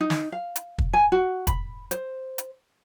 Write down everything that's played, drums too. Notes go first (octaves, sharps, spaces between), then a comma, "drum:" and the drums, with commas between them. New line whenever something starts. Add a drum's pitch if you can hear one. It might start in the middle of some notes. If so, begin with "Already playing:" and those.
D#4
drum: snare
F5
drum: hi-hat
drum: kick
G#5
F#4
B5, drum: kick, hi-hat
C5, drum: hi-hat
drum: hi-hat